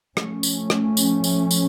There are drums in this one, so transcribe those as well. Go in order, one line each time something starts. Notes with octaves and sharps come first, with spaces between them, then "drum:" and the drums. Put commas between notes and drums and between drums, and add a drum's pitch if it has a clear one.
F3 A3 C#4, drum: rim click
drum: tambourine
drum: rim click
drum: tambourine
drum: tambourine
drum: tambourine